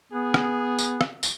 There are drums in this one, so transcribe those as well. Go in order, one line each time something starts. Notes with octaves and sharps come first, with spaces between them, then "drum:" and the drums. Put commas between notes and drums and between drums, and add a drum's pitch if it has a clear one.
B3 G#4
drum: rim click
drum: tambourine
drum: rim click
drum: tambourine